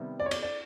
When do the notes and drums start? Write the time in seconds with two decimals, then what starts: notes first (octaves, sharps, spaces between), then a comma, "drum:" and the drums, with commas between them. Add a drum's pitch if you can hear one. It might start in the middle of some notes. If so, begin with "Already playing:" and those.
Already playing: C3 D#3 G3 B3
0.20 D5
0.26 C#5
0.31 D5, drum: cymbal
0.43 D5